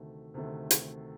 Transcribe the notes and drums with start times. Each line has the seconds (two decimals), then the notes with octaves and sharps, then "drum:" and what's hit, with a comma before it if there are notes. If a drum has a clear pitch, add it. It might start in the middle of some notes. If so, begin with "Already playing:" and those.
Already playing: D2 C3 D#3 A3
0.34 D2 C3 D#3 A3
0.71 drum: hi-hat